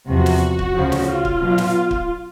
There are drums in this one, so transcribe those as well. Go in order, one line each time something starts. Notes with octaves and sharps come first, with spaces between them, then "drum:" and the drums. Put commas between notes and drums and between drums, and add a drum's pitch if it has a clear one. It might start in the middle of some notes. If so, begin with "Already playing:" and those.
E2 C3 F3 F#4
drum: snare
drum: kick
D2 C#3 F3
drum: snare
F4
drum: kick
B2 F#3 B3
drum: snare
drum: kick